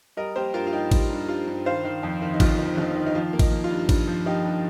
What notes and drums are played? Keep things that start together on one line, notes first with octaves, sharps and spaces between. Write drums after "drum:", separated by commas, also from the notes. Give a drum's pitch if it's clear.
G3 A#4 D#5
A#3 G4 C5
G2 F4 A#4
F4
G3 D#4 G4
G3, drum: kick, cymbal
G2
G2 F4
G2
D#3 C5 F5
D#3
F2
D#3
D#4
G1 F4, drum: kick, cymbal
D#3
G1 D#4
D#3
D#4
F3 F4
A#3
D#4, drum: kick, cymbal
A#3
F4
G2
G2, drum: kick, cymbal
F3
F3 D#4 G4
G2